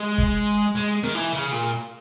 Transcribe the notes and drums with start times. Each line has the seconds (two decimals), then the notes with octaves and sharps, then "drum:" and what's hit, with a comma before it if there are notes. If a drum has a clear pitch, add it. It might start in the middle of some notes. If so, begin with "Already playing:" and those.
Already playing: G#3
0.18 drum: kick
0.75 G#3
1.03 D#3, drum: snare
1.14 E3
1.33 C#3
1.52 A#2